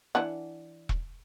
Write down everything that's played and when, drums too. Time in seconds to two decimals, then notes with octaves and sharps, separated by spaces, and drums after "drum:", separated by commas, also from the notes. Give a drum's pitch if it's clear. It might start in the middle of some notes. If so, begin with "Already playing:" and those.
0.15 E3 D4 F#5
0.89 drum: kick E1